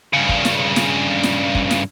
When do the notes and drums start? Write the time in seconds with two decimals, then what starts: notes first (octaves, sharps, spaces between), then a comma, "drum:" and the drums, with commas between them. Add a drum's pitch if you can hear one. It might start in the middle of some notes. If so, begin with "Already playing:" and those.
0.13 G2 C#3
0.29 drum: kick
0.45 drum: snare
0.76 drum: snare
1.23 drum: snare
1.55 drum: kick
1.71 drum: snare